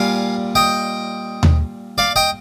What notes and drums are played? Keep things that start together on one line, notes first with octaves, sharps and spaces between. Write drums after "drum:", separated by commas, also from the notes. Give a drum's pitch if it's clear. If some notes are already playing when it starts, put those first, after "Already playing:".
Already playing: A#2 G3 F5 G#5
D#5 G5
drum: tom D#2
D5 F5
D#5 G5